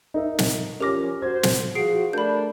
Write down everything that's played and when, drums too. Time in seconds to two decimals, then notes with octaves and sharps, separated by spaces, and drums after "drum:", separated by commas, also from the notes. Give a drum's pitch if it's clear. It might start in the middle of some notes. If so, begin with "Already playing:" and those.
0.14 D#4 A#4 E5
0.39 drum: snare
0.80 F3 C#4 G4 A#4 D6 F6 A#6
1.22 F#4 C5 G#6
1.43 drum: snare
1.75 F3 F#4 G#4 C7 D7
2.13 A3 D4 A#4 B5 G6